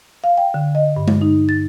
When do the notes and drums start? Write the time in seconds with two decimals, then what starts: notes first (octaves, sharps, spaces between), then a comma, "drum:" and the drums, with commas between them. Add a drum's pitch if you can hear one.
0.24 F5
0.38 G5
0.54 D3
0.75 D#5
0.96 G2
1.08 drum: tom G#3
1.21 D#4
1.49 A6